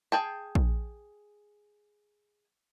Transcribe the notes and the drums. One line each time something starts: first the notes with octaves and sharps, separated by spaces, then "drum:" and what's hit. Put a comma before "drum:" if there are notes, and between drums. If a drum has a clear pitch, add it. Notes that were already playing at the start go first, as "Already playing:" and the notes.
G#4 G5 A5
drum: kick A#1